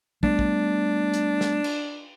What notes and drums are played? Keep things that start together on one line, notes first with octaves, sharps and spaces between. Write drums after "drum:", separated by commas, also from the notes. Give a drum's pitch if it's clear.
G3 A3 B3 D4, drum: kick
drum: kick
drum: hi-hat
drum: snare
drum: cymbal